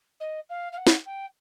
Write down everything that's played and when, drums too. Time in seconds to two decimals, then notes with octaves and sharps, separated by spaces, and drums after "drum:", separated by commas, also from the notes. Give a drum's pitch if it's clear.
0.20 D#5
0.49 F5
0.72 F5
0.77 F#5
0.87 drum: snare
1.06 G5